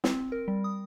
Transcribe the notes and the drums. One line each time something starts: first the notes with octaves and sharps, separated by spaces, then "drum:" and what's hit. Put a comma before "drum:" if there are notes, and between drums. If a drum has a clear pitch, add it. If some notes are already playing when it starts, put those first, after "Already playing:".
C4, drum: snare
A#4
G3
D#6